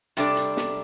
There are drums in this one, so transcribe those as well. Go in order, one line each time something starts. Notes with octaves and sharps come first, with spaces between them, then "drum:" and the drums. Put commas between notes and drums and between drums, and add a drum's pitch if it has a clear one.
C3 G3 D4 A4 D5, drum: hi-hat
drum: hi-hat
drum: snare